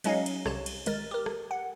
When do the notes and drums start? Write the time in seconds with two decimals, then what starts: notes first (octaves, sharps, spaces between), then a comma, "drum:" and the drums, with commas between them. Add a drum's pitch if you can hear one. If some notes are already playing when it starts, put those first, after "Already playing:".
0.04 F#3 G#3 C#4 D#4 D#5 F5, drum: cymbal
0.26 drum: cymbal
0.46 C2 C3 C#5 E7, drum: rim click
0.66 drum: cymbal
0.86 G#1 G#3 A#4 A6, drum: cymbal
1.11 G4 A#4
1.26 drum: rim click
1.51 F#5